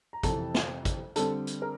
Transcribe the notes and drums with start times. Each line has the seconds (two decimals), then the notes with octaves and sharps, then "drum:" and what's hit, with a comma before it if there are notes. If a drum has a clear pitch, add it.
0.13 A#5
0.23 F2 C3 E3 A4 A5, drum: kick, hi-hat
0.55 drum: snare
0.85 drum: kick, hi-hat
1.16 D3 G3 C4 A4 A5, drum: hi-hat
1.47 drum: hi-hat
1.62 A#4